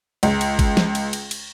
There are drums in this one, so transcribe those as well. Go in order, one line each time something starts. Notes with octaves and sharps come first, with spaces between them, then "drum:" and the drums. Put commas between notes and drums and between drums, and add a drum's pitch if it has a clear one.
C#2, drum: cymbal
drum: cymbal
drum: kick, cymbal
drum: snare
drum: cymbal
drum: cymbal
drum: cymbal